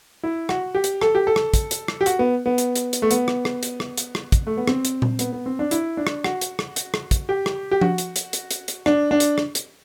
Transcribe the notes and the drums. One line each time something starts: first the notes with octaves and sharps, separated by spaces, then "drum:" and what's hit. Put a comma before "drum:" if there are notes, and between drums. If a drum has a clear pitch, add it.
E4
F#4, drum: rim click
G4
drum: hi-hat
A4, drum: rim click
G4
A4
drum: rim click
drum: kick, hi-hat
drum: hi-hat
drum: rim click
G4
F#4, drum: hi-hat
B3
B3
drum: hi-hat
drum: hi-hat
drum: hi-hat
A3
B3, drum: hi-hat
drum: rim click
drum: rim click
drum: hi-hat
drum: rim click
drum: hi-hat
drum: rim click
drum: kick, hi-hat
A3
B3
C4, drum: rim click
drum: hi-hat
drum: tom A#2
B3, drum: hi-hat
B3
C4
D4
E4, drum: hi-hat
D4
drum: rim click
F#4, drum: rim click
drum: hi-hat
drum: rim click
drum: hi-hat
drum: rim click
drum: kick, hi-hat
G4
drum: rim click
G4
F#4, drum: tom F3
drum: hi-hat
drum: hi-hat
drum: hi-hat
drum: hi-hat
drum: hi-hat
D4, drum: rim click
D4
drum: hi-hat
drum: rim click
drum: hi-hat